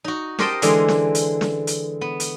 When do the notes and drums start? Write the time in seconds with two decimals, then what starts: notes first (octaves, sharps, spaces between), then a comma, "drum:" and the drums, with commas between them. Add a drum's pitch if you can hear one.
0.04 D#4 F#4
0.39 G4 A#4 C5 D#5 G5 A5, drum: snare
0.62 D3 E3 G#3, drum: hi-hat
0.88 drum: snare
1.15 drum: hi-hat
1.41 drum: snare
1.67 drum: hi-hat
2.01 B3
2.20 drum: hi-hat